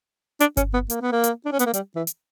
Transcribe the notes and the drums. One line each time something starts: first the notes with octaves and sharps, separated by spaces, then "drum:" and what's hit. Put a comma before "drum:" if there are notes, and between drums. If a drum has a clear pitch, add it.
D4, drum: hi-hat
C#4, drum: kick G1, hi-hat
B3
A#3, drum: hi-hat
B3
A#3
drum: hi-hat
D4
C#4
B3, drum: hi-hat
A#3
G3, drum: hi-hat
E3
drum: hi-hat